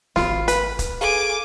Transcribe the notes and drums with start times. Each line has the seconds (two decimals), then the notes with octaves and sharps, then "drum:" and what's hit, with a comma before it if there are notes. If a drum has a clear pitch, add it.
0.16 G#1 F4 B5, drum: snare
0.48 B4, drum: hi-hat
0.79 drum: kick, hi-hat
1.01 G#4 A4 F5 G#5 D6